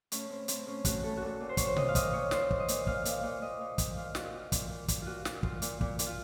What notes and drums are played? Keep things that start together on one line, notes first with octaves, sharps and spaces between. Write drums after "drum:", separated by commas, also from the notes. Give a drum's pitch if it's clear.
A2 C#4, drum: hi-hat
A2 C4
A2 C4, drum: hi-hat
A2 C#4
A2 F#4, drum: kick, hi-hat
A2 A4
A#2 F#4 A4
A#2
C5
A#2 C#5, drum: kick, hi-hat
C5
A#2 D#5, drum: tom B2
F5
A#2 D#5, drum: kick, hi-hat
A#2 C#5
A#2 C5, drum: snare
A#2, drum: kick
D#5
A#2, drum: hi-hat
A#2 F5, drum: kick
A#2, drum: hi-hat
F5
A#2
A#2 D#5
A#2
A#2, drum: kick, hi-hat
A#2 F5
A#2 F#4, drum: snare
A#2 F4
A#2, drum: kick, hi-hat
A#2
A#2, drum: kick, hi-hat
A#2 F4 F#4
A#2 F#4, drum: snare
A#2 F4, drum: kick
A#2, drum: hi-hat
A#2, drum: kick
A#2, drum: hi-hat
F4